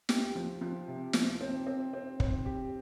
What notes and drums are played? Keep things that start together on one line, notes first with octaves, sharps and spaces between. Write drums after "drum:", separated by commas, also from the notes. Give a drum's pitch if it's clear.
G4, drum: snare
F3
F3
C3
F3, drum: snare
C4
C4
C4
C4, drum: kick
G4